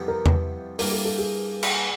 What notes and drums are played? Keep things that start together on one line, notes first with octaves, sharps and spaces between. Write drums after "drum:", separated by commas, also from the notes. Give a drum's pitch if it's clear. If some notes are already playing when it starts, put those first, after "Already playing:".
Already playing: F2 C3 E3 G3 B3
A#4
B4, drum: tom E2
G2 E3 G3 A#3 A#4, drum: open hi-hat
A4
A4
G#4
drum: cymbal